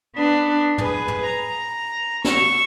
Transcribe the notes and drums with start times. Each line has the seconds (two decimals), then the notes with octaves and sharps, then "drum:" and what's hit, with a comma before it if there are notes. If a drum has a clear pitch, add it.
0.13 B3 D4
0.78 G#4 B4, drum: tom
1.08 drum: tom
1.27 A#5
2.25 C#6 E6, drum: snare